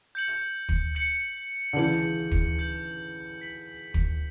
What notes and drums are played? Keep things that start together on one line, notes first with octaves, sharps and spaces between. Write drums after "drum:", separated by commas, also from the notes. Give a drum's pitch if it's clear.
G6 C#7 F#7
drum: kick
G6 C#7 F#7
D3
C#3 E3 G6 C#7 F#7
drum: kick
G6 C#7 F#7
G6 B6 F#7
drum: kick